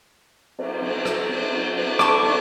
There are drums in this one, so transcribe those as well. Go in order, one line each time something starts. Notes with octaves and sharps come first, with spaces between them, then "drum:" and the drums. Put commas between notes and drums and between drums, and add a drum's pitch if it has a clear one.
drum: cymbal
drum: cymbal
drum: rim click
drum: cymbal
drum: cymbal
drum: cymbal
D3 B4 D5 A5 C#6 D6, drum: rim click
drum: cymbal